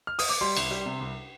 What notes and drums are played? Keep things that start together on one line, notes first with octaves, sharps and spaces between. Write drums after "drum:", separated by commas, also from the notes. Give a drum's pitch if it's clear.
F6
D#6, drum: open hi-hat
D6
G3 C6
C2, drum: cymbal
G3
C3
C2